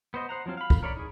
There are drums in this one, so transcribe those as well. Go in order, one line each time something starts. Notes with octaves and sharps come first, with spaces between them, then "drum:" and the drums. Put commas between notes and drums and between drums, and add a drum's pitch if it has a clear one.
B3 C5 D#5
C5 F#5 A#5
F3 F#3 C4 F4
F5 B5
drum: kick
A#4 C#5 D5 B5
D#4 G#4